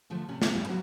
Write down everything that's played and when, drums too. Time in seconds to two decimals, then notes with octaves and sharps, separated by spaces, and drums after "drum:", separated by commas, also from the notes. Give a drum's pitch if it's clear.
0.10 D3 F3 A3
0.28 C3 C#4 D4
0.42 C#3 C4, drum: snare
0.54 F2 G3 C#4 E4
0.68 F3 F#3 A#3 C#4 E4 F#4